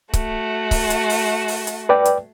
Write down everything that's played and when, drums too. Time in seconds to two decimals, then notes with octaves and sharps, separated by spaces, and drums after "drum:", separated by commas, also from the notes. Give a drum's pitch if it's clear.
0.13 A3 F#4, drum: kick C#1, hi-hat
0.71 drum: kick C#1, open hi-hat
0.90 drum: hi-hat
1.09 drum: open hi-hat
1.48 drum: open hi-hat
1.67 drum: hi-hat
1.89 B4 D5 G5
2.05 drum: hi-hat